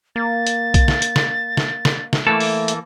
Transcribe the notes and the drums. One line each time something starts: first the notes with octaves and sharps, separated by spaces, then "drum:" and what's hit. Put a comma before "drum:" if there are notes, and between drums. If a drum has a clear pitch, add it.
A#3 A6
drum: hi-hat
drum: kick B1, hi-hat
drum: snare
drum: hi-hat
drum: snare
drum: snare
drum: snare
drum: snare
E3 A3 A#3 A4
drum: open hi-hat
drum: hi-hat